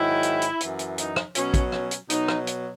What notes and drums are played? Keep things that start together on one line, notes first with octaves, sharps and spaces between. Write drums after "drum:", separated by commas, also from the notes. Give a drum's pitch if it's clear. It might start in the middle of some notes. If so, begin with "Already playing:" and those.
Already playing: G#2 D#3 F#3 E4
drum: hi-hat
drum: hi-hat
F#2 E3, drum: hi-hat
drum: hi-hat
D#4, drum: hi-hat
drum: rim click
B2 F#3 C#4, drum: hi-hat
drum: kick, hi-hat
C#4, drum: rim click
drum: hi-hat
B2 F#3 D#4, drum: hi-hat
drum: rim click
drum: hi-hat